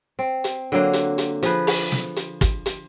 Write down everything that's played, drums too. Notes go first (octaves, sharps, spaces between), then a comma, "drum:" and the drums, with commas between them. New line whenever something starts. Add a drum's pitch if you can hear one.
C4
drum: hi-hat
D3 F#3 A#3
drum: hi-hat
drum: hi-hat
F3 G#4 B4, drum: hi-hat
drum: open hi-hat
drum: snare
drum: hi-hat
drum: kick, hi-hat
drum: hi-hat